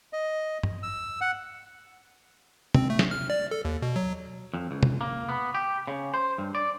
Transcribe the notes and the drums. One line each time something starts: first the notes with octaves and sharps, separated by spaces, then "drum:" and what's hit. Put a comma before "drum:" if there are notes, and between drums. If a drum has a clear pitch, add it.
D#5
drum: tom G2
E6
F#5
C4, drum: tom
A3
drum: snare
F6
D5
A4
D#2
B2
F#3
F2
C#2
drum: tom
A#3
B3
G4
C#3
C5
G2
D5